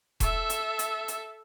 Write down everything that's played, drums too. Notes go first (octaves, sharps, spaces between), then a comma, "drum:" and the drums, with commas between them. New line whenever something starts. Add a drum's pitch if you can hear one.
A4 E5, drum: kick E1, hi-hat
drum: hi-hat
drum: hi-hat
drum: hi-hat